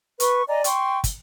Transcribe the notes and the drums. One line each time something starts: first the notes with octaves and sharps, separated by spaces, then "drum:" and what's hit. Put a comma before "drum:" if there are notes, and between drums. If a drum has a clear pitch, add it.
B4 C#6, drum: hi-hat
D5 D#5 G#5 A#5
G5 C6 C#6, drum: hi-hat
drum: kick, hi-hat